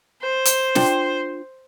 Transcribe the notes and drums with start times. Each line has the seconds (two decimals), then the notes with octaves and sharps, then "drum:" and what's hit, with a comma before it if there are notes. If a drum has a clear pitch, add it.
0.23 C5
0.45 drum: hi-hat
0.75 D4 F4 G5, drum: snare